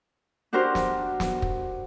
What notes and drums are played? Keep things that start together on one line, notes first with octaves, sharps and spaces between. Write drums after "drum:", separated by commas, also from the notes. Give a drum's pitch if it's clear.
D4 F#4 G4 A#4 C5
drum: snare
drum: snare
drum: kick